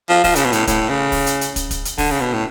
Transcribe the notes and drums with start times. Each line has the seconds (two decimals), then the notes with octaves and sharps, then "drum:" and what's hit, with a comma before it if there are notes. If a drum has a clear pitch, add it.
0.09 F3
0.24 F3, drum: kick, open hi-hat
0.36 C#3, drum: hi-hat
0.45 B2
0.53 A2, drum: hi-hat
0.67 A2, drum: kick, hi-hat
0.89 C#3
1.12 drum: kick, open hi-hat
1.27 drum: hi-hat
1.41 drum: hi-hat
1.56 drum: kick, hi-hat
1.71 drum: kick, hi-hat
1.85 drum: hi-hat
1.98 D3, drum: kick, open hi-hat
2.11 C#3
2.21 B2
2.33 A2